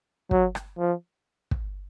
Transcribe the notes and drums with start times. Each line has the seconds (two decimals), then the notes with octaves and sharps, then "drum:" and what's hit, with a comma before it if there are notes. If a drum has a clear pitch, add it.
0.31 F#3, drum: kick
0.55 drum: rim click
0.79 F3
1.51 drum: kick